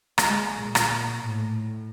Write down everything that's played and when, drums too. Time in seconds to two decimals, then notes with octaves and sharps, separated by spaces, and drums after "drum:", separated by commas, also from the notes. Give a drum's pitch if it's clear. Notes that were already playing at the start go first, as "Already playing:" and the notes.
0.18 G#3, drum: rim click
0.62 A#2
0.75 drum: rim click
1.25 A2